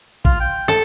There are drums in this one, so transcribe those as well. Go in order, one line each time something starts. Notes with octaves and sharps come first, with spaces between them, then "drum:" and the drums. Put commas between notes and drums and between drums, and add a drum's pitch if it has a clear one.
F4, drum: kick, open hi-hat
G5
A4